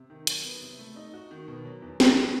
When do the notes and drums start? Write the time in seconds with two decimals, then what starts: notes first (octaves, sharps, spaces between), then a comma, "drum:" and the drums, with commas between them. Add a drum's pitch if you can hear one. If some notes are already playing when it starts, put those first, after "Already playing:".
Already playing: C3
0.10 D#3
0.27 F#3, drum: hi-hat
0.44 B3
0.62 C3
0.79 A3
0.96 D#4
1.14 F#4
1.31 D#3
1.48 B2
1.65 F#3
1.82 E2
2.00 E2, drum: snare
2.17 D#3